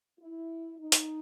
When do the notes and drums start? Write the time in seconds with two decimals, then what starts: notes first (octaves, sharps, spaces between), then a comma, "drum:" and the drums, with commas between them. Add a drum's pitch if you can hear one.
0.19 E4
0.78 D#4
0.92 drum: hi-hat